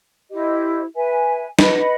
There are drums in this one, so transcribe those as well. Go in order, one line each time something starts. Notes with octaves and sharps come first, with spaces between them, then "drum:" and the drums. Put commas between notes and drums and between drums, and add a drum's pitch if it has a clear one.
E4 G4 C5 D#5
B4 E5 G#5
B4 D#5 F#5 B5, drum: snare